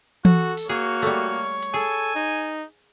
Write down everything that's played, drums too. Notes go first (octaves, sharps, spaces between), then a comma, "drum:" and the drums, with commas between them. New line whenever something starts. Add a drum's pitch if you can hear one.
F#4 A4, drum: tom E3
drum: open hi-hat
A#3 F#4 G#4 C#5
G3 A3
drum: hi-hat
G#4 A4 G#5
D#4